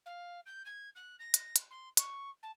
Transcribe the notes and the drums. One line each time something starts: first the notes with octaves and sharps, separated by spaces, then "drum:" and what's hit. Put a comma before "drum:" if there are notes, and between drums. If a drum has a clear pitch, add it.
F5
G6
G#6
F#6
A#6
drum: hi-hat
drum: hi-hat
C6
C#6, drum: hi-hat
A5